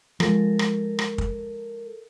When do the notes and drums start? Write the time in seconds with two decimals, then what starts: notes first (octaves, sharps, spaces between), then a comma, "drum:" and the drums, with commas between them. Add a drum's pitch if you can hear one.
0.20 F3 G#3 A4 A#4, drum: rim click
0.59 drum: rim click
0.99 drum: rim click
1.18 drum: kick